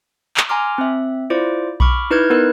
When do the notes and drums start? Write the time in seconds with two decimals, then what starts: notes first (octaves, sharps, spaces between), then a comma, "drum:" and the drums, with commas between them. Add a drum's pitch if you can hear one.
0.37 drum: clap
0.49 G#5 A#5 C6 D6 F6
0.78 C4 E5
1.30 E4 F4 C5 D5 D6
1.80 B5 C#6 D6 F6, drum: kick B1
2.10 D#4 E4 B4 F6 G6 G#6
2.30 B3 D#4 A#4 B4 F#6